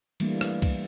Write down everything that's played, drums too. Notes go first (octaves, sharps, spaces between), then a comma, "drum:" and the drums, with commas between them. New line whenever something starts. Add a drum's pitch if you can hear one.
E3 G3 A3 A#3 D4, drum: cymbal
drum: rim click
drum: kick C2, cymbal